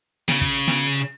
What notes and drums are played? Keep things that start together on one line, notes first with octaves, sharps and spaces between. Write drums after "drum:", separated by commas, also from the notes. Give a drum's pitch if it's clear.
C#3, drum: snare
drum: kick, hi-hat
drum: hi-hat
drum: snare
drum: hi-hat
drum: hi-hat